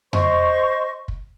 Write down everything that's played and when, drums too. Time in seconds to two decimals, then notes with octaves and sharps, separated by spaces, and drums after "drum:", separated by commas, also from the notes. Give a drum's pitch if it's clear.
0.13 C5 D#5 C6 C#6, drum: tom F2
1.08 drum: kick